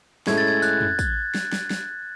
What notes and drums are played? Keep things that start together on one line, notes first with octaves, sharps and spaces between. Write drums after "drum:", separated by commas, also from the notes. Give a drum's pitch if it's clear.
A2 G#3 C#4 E4 A4 G#6, drum: snare
A6
G#6
F#6, drum: tambourine
drum: tom
drum: kick, tambourine
drum: snare
drum: snare
drum: snare